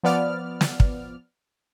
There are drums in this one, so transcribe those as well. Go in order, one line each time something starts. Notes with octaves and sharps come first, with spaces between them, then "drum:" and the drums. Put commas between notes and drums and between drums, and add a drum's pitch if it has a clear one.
F3 B3 D5 F6
drum: snare
drum: kick